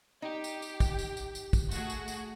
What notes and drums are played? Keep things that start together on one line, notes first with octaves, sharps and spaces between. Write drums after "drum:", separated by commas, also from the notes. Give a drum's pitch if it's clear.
D#4 G4
drum: tambourine
drum: tambourine
drum: kick, tambourine
drum: tambourine
drum: tambourine
drum: tambourine
drum: kick, tambourine
A3 F#4 G#4, drum: tambourine
drum: tambourine
drum: tambourine